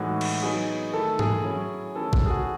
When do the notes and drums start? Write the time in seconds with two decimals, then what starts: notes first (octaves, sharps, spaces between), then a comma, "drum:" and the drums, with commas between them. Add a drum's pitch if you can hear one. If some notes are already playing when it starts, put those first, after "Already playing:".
Already playing: A2 E3 G#3 D#4 F#4
0.21 drum: cymbal
0.42 F#3 B3 D#4 G#4
0.93 D#3 A3 E4 A4
1.19 G#4, drum: tom G#2
1.44 F#3 C#4 E4
1.95 D#3 A3 C#4 E4 A4
2.13 A4, drum: kick A1
2.26 G#4
2.30 F#4